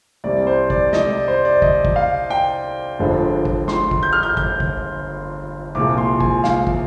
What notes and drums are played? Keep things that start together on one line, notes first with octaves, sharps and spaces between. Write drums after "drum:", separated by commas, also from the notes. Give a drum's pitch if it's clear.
C2 C3 G3 D5
C5
D5, drum: kick
D#5, drum: snare
D5
C5
D5
D#5, drum: kick
drum: kick
F5
G5
G1 G2 D3 F3 G#3
drum: kick
C6, drum: snare
drum: kick
G6
F6
G6
G6, drum: kick
drum: kick
C2 A#2 F3 G#3 D6
C6
G#5, drum: kick
F5, drum: snare
drum: kick